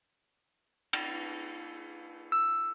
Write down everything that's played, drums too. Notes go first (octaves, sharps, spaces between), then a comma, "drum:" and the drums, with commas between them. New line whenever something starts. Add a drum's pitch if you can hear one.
drum: cymbal
E6